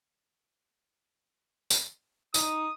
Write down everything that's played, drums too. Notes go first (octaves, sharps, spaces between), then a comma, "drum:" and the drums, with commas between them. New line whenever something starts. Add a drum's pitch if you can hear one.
drum: tambourine
D#4 D#6, drum: tambourine